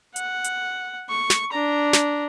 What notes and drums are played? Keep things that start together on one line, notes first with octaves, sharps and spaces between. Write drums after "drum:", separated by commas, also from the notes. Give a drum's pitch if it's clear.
F#5, drum: hi-hat
drum: hi-hat
C#6
drum: snare
D4 A#5
drum: snare